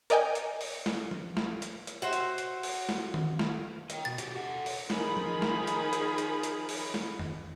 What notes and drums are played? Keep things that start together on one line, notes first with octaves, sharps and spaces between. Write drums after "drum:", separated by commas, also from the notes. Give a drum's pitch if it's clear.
A#4 D5 D#5 G5 G#5 G6, drum: hi-hat
drum: hi-hat
drum: open hi-hat
drum: snare
drum: tom F3
drum: snare
drum: hi-hat
drum: hi-hat
F#4 C5 C#5 E5
drum: hi-hat
drum: hi-hat
drum: open hi-hat
drum: snare
drum: tom D#3
drum: snare
D#5 G5, drum: hi-hat
B2 A6
F#4 G4, drum: hi-hat
A4 E5 F#5
drum: open hi-hat
D#3 F3 D#4 F4 G#4 B5, drum: snare
drum: tom F3
drum: snare
drum: hi-hat
drum: hi-hat
drum: hi-hat
drum: hi-hat
drum: open hi-hat
drum: snare
drum: tom F2